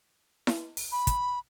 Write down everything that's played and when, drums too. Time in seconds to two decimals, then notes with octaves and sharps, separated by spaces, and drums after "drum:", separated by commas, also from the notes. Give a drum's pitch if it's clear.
0.47 drum: snare E4
0.77 drum: open hi-hat
0.92 B5
1.07 drum: kick, hi-hat